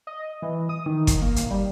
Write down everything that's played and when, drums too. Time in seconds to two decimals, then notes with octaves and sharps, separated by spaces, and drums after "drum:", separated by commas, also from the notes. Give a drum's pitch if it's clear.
0.07 D#5
0.42 E3
0.69 D#6
0.86 D#3
1.07 drum: kick G1, hi-hat
1.22 A#3
1.36 drum: hi-hat
1.50 G3